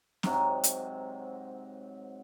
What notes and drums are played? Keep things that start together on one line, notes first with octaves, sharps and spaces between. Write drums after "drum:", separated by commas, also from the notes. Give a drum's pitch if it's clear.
G#2 C3 F#3, drum: snare C4
drum: hi-hat